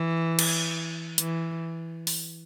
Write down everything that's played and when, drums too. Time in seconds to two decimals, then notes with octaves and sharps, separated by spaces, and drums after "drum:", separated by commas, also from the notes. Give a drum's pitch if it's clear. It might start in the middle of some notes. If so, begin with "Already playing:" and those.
Already playing: E3
0.39 drum: cymbal
1.18 E3, drum: hi-hat
2.07 drum: open hi-hat